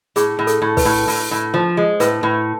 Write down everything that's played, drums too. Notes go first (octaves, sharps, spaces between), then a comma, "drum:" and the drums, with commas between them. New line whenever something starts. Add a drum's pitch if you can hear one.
A2 G#4, drum: hi-hat
A2
A4, drum: hi-hat
A2
B4, drum: kick, open hi-hat
A2
A2, drum: open hi-hat
A2
F3 C5
G#3
A2 B4, drum: hi-hat
A2